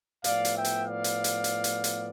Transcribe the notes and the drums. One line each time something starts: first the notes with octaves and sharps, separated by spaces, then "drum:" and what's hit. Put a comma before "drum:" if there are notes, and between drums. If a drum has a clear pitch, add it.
A2 F3 B3 D5 F5, drum: hi-hat
drum: hi-hat
E5 G5
drum: hi-hat
D5 F5
drum: hi-hat
drum: hi-hat
drum: hi-hat
drum: hi-hat
drum: hi-hat